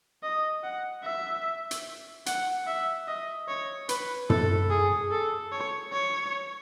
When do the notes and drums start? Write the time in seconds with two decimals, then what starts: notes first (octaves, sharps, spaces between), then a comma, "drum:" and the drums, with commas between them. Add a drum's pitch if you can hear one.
0.23 D#5
0.63 F#5
1.04 E5
1.71 drum: hi-hat
2.26 F#5, drum: hi-hat
2.67 E5
3.08 D#5
3.48 C#5
3.89 B4, drum: hi-hat
4.30 A4, drum: tom
4.70 G#4
5.11 A4
5.52 C#5
5.93 C#5